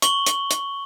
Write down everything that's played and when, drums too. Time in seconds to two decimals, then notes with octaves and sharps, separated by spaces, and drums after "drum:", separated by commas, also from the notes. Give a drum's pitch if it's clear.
0.02 C#6 F#7 G7, drum: hi-hat
0.26 drum: hi-hat
0.51 drum: hi-hat